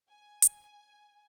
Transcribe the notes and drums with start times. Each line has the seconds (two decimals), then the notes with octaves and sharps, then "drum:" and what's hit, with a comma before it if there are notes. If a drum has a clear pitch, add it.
0.09 G#5
0.42 drum: hi-hat